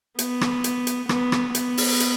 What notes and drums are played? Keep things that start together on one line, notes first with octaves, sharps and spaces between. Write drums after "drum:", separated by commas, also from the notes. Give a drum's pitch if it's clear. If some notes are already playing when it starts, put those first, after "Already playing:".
B3, drum: hi-hat
drum: rim click
drum: hi-hat
drum: hi-hat
B3, drum: rim click
drum: rim click
B3, drum: hi-hat
drum: open hi-hat
drum: hi-hat